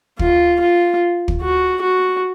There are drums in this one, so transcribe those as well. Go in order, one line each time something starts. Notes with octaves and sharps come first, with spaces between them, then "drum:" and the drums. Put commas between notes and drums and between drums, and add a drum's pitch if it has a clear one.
F4, drum: kick
F4
drum: kick
F#4
F#4